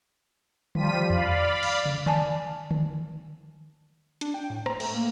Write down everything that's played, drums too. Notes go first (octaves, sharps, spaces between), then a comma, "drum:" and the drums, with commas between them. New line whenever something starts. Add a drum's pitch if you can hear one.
F3 G3 F4 B6 D#7, drum: tom D3
D5 F5 B5, drum: tom E2
drum: cymbal
drum: tom
D5 G#5 A5, drum: tom D3
drum: tom D3
D4, drum: hi-hat
G5
A2
A#5, drum: rim click
A3, drum: cymbal
A#3